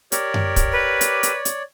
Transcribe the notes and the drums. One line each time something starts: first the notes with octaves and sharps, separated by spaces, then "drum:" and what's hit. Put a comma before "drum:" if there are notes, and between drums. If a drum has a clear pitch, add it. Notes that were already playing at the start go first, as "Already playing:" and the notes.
G4 A#4 C#5 D5, drum: hi-hat
drum: tom F#2
drum: kick, hi-hat
B4
drum: hi-hat
drum: hi-hat
drum: hi-hat